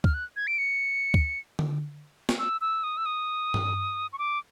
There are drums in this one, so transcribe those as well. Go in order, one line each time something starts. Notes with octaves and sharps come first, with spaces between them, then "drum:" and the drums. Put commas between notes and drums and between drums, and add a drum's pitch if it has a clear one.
F6, drum: kick
F#6
G#6
D7
C#7
drum: kick
drum: tom D3
drum: snare
E6
E6
D#6
E6
D#6
drum: tom G2
C#6
D6